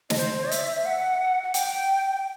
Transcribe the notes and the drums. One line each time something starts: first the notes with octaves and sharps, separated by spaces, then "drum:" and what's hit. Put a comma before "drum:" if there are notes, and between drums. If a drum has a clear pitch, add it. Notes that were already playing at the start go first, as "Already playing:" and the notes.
D#5, drum: snare
C5
E5, drum: hi-hat
F#5
F#5
G5, drum: hi-hat